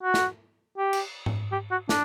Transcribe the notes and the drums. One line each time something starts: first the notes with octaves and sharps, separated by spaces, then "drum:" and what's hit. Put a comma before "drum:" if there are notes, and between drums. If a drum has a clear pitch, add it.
F#4
drum: snare
G4
drum: cymbal
drum: tom G#2
G4
F#4
D4, drum: snare